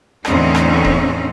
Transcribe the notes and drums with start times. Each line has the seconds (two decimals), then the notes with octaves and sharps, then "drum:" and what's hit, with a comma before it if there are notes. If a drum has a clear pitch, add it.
0.25 E2 A2 D3 C4 C#4 D#4, drum: rim click
0.55 drum: rim click
0.85 drum: kick D#1